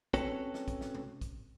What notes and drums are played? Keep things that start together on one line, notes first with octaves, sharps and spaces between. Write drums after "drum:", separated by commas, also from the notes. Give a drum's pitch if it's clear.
C4 C#4 F#4 A4 B4 C#5, drum: kick, hi-hat
drum: snare
drum: kick, hi-hat
drum: snare
drum: tom
drum: kick, hi-hat